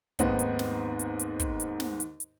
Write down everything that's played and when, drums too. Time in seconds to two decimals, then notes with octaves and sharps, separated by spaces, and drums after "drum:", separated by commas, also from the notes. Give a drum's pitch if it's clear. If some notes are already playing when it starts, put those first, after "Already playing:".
0.19 D#2 G#2 B3 C4 D#4, drum: kick, hi-hat
0.39 drum: hi-hat
0.59 drum: snare
0.99 drum: hi-hat
1.19 drum: hi-hat
1.40 drum: kick, hi-hat
1.60 drum: hi-hat
1.80 drum: snare
2.00 drum: hi-hat
2.20 drum: hi-hat